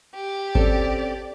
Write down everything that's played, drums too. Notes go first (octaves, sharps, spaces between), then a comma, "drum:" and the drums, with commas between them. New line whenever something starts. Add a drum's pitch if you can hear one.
G4
C4 C#4 A4 D5, drum: kick G#1